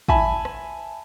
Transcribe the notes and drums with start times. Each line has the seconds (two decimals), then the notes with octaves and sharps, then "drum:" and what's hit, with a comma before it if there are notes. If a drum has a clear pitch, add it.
0.08 E5 G#5 A5 B5, drum: kick
0.45 drum: rim click